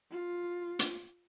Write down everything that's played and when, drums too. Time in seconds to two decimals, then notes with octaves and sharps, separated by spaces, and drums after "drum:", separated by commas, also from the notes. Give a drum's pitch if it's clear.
0.11 F4
0.79 drum: hi-hat